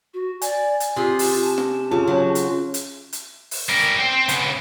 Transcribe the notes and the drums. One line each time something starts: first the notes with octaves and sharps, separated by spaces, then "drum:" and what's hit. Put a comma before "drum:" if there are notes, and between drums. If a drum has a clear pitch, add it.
F#4
D5 G#5, drum: hi-hat
drum: hi-hat
C3 F4 G#4 C6
drum: open hi-hat
A5
drum: snare
C#3 F4 G#4
F#3 C#4 C#5
drum: hi-hat
drum: hi-hat
drum: hi-hat
drum: open hi-hat
G3 A#4
C5 G5
C#3 B3, drum: hi-hat